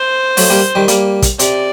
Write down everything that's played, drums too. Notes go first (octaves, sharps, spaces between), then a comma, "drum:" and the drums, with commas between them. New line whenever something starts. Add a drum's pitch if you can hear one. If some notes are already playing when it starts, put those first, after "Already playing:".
Already playing: C5
F#3 A3, drum: open hi-hat
G3 A#3
D#3 G3
G3 A#3, drum: hi-hat
drum: kick, hi-hat
C3 D5, drum: hi-hat